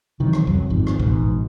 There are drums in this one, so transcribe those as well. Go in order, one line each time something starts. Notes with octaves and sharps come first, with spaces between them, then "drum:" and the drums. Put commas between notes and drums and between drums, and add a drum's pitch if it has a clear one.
C3 D#3 E3 F#3
drum: rim click
F#1 F2 F#3, drum: kick
G#1 F2 G#2
drum: rim click
A1 G#2 B2, drum: kick